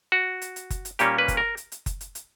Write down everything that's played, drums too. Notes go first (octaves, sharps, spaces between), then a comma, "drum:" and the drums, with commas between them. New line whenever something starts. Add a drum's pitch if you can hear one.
F#4
drum: hi-hat
drum: hi-hat
drum: kick F#1, hi-hat
drum: hi-hat
A#2 G3 A#3 C#4 G4, drum: hi-hat
B4
drum: kick F#1, hi-hat
A#4
drum: hi-hat
drum: hi-hat
drum: kick F#1, hi-hat
drum: hi-hat
drum: hi-hat